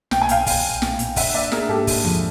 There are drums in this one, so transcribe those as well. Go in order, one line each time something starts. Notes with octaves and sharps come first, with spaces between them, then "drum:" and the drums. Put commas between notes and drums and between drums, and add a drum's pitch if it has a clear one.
B1 G5, drum: snare
G#5
A#2 F5 G5, drum: hi-hat
B1, drum: kick, open hi-hat
B1
C4, drum: snare
A#2, drum: hi-hat
D4 E5 F#5, drum: kick, open hi-hat
A#3 D5 E5
D4 G#4 A#4, drum: snare
G#2 G4 A4
G#2, drum: kick, open hi-hat
F3, drum: tom D#2